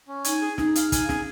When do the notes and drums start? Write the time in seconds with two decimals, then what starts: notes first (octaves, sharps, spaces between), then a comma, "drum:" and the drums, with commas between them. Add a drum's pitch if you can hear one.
0.08 C#4
0.24 D#4 G#5, drum: hi-hat
0.42 G#4
0.58 D#4 G#4, drum: snare
0.75 F5, drum: hi-hat
0.92 G#5, drum: kick, hi-hat
1.09 G#4, drum: snare